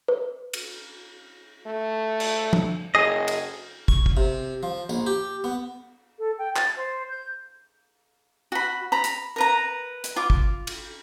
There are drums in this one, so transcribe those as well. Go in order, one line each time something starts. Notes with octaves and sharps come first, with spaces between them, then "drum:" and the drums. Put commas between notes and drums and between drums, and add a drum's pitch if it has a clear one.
B4
drum: cymbal
A3
drum: cymbal
drum: tom F3
F#1 G#4 D#5
drum: cymbal
C#6, drum: kick
drum: kick
C3
F3
A#1, drum: tambourine
G4
B3
A4
G5
A6, drum: clap
C5
G6
F#4 B5
A#5 B5
drum: hi-hat
A#4 B4 A#5
drum: hi-hat
F4 D6
drum: kick
drum: cymbal